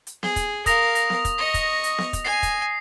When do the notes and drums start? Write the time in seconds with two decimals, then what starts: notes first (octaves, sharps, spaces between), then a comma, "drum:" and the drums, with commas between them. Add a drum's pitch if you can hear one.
0.07 drum: hi-hat
0.23 G#4, drum: snare B3
0.36 drum: kick, hi-hat
0.66 A#4 F5 D#6 A#6 F7, drum: kick, hi-hat
0.95 A#6, drum: hi-hat
1.10 drum: snare B3
1.25 drum: kick, hi-hat
1.38 D#5 C#6
1.54 drum: kick, hi-hat
1.84 drum: hi-hat
1.98 drum: snare B3
2.13 drum: kick, hi-hat
2.25 G#5 C7
2.43 drum: kick, hi-hat